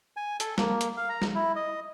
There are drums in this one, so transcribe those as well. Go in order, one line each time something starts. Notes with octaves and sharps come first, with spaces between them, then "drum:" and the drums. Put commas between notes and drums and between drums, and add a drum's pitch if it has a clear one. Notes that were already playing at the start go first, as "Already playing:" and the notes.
G#5
A4, drum: hi-hat
A#3, drum: snare
drum: hi-hat
F5
A#5
drum: snare
E4
D#5